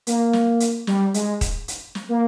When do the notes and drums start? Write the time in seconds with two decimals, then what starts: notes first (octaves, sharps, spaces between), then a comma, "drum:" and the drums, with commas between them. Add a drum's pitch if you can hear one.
0.07 A#3, drum: hi-hat
0.33 drum: snare
0.60 drum: hi-hat
0.87 G3, drum: snare
1.14 G#3, drum: hi-hat
1.41 drum: kick D#1, hi-hat
1.68 drum: hi-hat
1.95 drum: snare
2.09 A#3